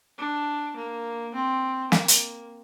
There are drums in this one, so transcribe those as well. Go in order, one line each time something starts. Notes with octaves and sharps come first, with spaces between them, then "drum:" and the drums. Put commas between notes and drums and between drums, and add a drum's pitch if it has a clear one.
D4
A#3
C4
A#3, drum: snare
drum: hi-hat